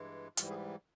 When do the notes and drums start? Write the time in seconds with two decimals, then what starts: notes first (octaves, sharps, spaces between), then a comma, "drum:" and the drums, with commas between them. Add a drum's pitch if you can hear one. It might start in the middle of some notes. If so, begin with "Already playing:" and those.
Already playing: G2 E3 G#3
0.37 G#2 E3 G3 F4, drum: hi-hat
0.50 G#4